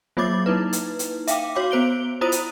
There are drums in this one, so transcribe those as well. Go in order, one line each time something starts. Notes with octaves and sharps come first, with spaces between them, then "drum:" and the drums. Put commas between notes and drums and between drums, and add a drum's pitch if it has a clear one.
F#3 A#3 F4 C#5 D6 A6
A#3 D#4 E4 B4
drum: hi-hat
drum: hi-hat
E5 F5 G5 D6, drum: hi-hat
F#4 C#5 F5 D6
B3 C5 D7 G7
E4 F4 C5 D#6 D#7
drum: hi-hat